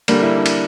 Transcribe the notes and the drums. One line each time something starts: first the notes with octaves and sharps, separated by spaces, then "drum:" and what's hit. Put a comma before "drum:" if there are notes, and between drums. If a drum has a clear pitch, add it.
D3 G3 A#3 D4, drum: cymbal
E4
D4
drum: cymbal